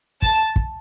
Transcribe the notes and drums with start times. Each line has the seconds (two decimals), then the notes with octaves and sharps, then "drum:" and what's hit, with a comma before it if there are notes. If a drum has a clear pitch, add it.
0.22 A5, drum: kick
0.56 drum: kick